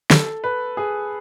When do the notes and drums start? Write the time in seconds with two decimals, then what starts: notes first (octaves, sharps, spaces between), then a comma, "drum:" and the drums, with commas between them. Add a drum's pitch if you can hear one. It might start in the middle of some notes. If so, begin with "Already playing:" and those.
0.10 A4, drum: snare
0.44 B4
0.77 G#4